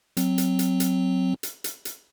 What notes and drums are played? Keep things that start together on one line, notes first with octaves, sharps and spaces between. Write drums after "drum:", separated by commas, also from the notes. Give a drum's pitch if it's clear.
F#3 C4, drum: hi-hat
drum: hi-hat
drum: hi-hat
drum: hi-hat
drum: hi-hat
drum: hi-hat
drum: hi-hat